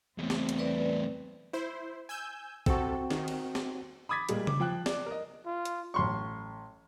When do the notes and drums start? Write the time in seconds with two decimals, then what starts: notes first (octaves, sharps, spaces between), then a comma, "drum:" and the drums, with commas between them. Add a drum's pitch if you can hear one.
0.18 E2 A2 C4
0.30 drum: snare
0.49 drum: hi-hat
0.59 B4 D5
1.53 E4 C5
2.09 G#5 E6 G6
2.66 C3 C4 F#4 A4, drum: kick
3.10 D#3, drum: snare
3.28 drum: cymbal
3.55 drum: snare
4.09 B5 D6 D#6 G#6 A6 B6
4.29 A#2 G3 G#3 A#3, drum: hi-hat
4.47 D6, drum: tom C#3
4.60 F3 G5 F#6
4.86 D5, drum: snare
5.06 A#4 D#5
5.46 F4
5.65 drum: hi-hat
5.94 A1 C6 C#6